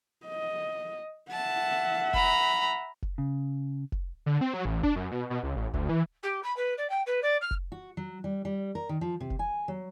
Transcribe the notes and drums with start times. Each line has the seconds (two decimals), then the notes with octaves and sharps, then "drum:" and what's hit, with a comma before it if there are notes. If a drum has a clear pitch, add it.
0.26 D#5
1.32 E5 F#5 A5
2.13 A#5 B5, drum: kick F1
3.02 drum: kick F1
3.18 C#3
3.92 drum: kick F1
4.26 D3
4.41 C4
4.54 F#3
4.65 A1
4.83 D4, drum: kick F1
4.96 F#2
5.11 B2
5.30 B2
5.43 C#2
5.56 A1
5.73 D2, drum: kick F1
5.89 E3
6.22 G4
6.43 B5
6.56 B4
6.77 D5
6.89 G5
7.06 B4
7.22 D5
7.41 F6
7.51 drum: kick F1
7.72 F#4
7.97 F#3
8.24 G3
8.45 G3
8.75 A#4
8.89 D#3
9.01 F3
9.20 C3
9.30 drum: kick F1
9.39 G#5
9.68 F#3